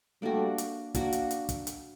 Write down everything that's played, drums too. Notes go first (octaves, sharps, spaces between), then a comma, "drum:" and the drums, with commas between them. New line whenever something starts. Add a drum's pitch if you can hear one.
G3 A3 A#3 D4 F#4
drum: hi-hat
A#3 D4 F#4, drum: kick, hi-hat
drum: hi-hat
drum: hi-hat
drum: kick, hi-hat
drum: hi-hat